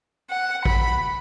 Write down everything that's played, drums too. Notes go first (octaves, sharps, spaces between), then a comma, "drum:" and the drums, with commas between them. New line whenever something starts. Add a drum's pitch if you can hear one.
F#5
B5, drum: kick